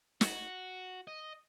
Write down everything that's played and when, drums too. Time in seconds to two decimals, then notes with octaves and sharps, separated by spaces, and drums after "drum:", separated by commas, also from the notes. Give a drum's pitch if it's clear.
0.21 F#4, drum: snare
1.07 D#5